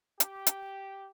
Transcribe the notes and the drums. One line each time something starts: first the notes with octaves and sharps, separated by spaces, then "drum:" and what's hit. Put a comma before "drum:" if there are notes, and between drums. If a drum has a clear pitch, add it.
G4, drum: hi-hat
drum: hi-hat